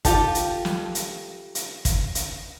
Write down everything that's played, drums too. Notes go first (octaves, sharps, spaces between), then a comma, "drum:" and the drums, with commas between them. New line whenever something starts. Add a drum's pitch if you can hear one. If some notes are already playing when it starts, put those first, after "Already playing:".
F4 G4 A4, drum: kick, hi-hat
drum: hi-hat
drum: snare
drum: hi-hat
drum: hi-hat
drum: kick, hi-hat
drum: hi-hat